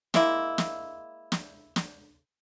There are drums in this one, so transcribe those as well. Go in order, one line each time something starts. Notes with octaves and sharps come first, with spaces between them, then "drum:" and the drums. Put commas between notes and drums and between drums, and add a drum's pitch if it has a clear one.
G#3 A#3 E4, drum: snare
drum: snare
drum: snare
drum: snare